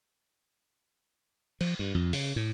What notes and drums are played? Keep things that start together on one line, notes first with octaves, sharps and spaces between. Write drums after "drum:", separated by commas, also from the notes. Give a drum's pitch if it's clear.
F3, drum: cymbal
G2
F2
C#3, drum: open hi-hat
A2